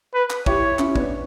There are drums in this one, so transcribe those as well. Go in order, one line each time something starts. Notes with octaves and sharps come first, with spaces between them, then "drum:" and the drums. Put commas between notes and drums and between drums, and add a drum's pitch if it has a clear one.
B4
drum: clap
E4 G4 C#5, drum: kick
C#4 E4, drum: clap
B3 D4, drum: kick